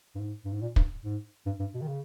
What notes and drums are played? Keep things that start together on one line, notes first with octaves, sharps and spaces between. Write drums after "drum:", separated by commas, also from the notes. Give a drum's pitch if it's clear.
G2
G#2
G2
G#2
A#2
G2, drum: kick
G#2
G2
G2
B2
D#3
C#3